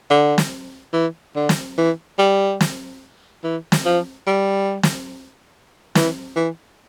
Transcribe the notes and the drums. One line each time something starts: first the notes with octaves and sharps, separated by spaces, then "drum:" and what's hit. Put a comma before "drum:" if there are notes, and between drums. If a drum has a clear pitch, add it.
D3
drum: snare
E3
D3
drum: snare
E3
G3
drum: snare
E3
drum: snare
F3
G3
drum: snare
E3, drum: snare
E3